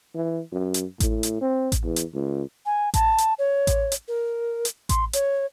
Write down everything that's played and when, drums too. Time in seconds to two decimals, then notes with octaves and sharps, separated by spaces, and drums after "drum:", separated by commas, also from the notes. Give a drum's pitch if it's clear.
0.15 E3
0.52 F#2
0.74 drum: hi-hat
1.00 A2, drum: kick A1, hi-hat
1.23 drum: hi-hat
1.41 C4
1.72 drum: kick A1, hi-hat
1.84 E2
1.96 drum: hi-hat
2.14 C#2
2.65 G#5
2.94 A5, drum: kick A1, hi-hat
3.18 drum: hi-hat
3.38 C#5
3.67 drum: kick A1, hi-hat
3.92 drum: hi-hat
4.08 A#4
4.65 drum: hi-hat
4.89 C6, drum: kick A1, hi-hat
5.13 C#5, drum: hi-hat